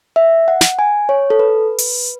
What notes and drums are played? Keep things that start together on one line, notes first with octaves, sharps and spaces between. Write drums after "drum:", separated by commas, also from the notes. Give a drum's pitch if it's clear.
E5
F#5
drum: snare
G#5
C#5
A4
B4
drum: open hi-hat